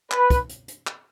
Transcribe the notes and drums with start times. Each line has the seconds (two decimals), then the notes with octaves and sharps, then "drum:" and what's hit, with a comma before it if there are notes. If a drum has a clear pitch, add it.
0.11 B4, drum: clap
0.30 drum: kick, hi-hat
0.49 drum: hi-hat
0.68 drum: hi-hat
0.87 drum: clap